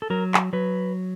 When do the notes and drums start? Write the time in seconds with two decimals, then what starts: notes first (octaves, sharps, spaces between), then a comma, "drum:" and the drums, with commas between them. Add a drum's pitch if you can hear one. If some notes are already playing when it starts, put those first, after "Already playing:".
0.02 A4
0.10 F#3 A#4
0.34 drum: clap
0.53 F#3 B4